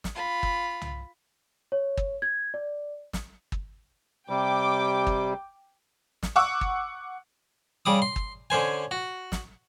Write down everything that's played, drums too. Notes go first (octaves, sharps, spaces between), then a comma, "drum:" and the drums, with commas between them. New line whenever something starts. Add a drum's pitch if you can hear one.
drum: snare
F4 B5
drum: kick
drum: tom C2
C#5
drum: kick
G#6
D5
drum: snare
drum: kick
C3 G3 G5 D6
drum: kick
drum: snare
F#5 C#6 D6 E6
drum: kick
C#3 G3 D6 D#6
C6
drum: kick
D3 C#4 C5 G#5
F#4
drum: snare